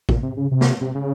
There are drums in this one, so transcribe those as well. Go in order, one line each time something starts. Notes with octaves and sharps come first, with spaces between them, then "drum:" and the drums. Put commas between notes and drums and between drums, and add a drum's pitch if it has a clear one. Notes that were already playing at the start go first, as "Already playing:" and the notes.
A#2, drum: kick
C3
C#3
C3
drum: snare
C3
C#3